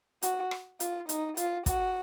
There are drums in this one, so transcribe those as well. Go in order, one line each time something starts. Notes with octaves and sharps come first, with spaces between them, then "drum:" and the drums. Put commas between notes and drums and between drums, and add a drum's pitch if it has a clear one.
F#4, drum: hi-hat
drum: rim click
F4, drum: hi-hat
D#4, drum: hi-hat
F4, drum: hi-hat
F#4, drum: kick, hi-hat